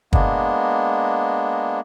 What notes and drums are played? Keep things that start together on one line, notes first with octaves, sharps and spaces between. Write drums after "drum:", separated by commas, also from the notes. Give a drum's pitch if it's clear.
G#3 A#3 B3 D4, drum: kick